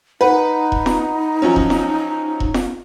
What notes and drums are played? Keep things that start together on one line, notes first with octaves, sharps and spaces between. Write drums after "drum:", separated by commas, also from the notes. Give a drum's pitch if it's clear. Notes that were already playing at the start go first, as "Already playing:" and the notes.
D#4 B4 F#5
drum: kick E1
drum: snare F4
F3 F#3 C#4
drum: kick E1
drum: snare F4
drum: kick E1
drum: snare F4